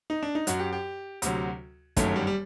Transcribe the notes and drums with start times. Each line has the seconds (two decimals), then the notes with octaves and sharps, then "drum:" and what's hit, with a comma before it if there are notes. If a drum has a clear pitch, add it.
0.10 D#4
0.23 D4
0.35 D#4
0.47 F#2 F#3 F#4, drum: hi-hat
0.59 G4
0.73 G4
1.22 D2 C3 F#3, drum: hi-hat
1.97 G1 F#2 D#3 F#3 A3, drum: kick, hi-hat
2.16 G3
2.27 G3